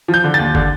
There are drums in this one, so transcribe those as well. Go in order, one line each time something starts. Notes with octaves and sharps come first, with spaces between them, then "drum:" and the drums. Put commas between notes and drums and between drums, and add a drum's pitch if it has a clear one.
F3
G6
D3
A6
D#2
D3, drum: kick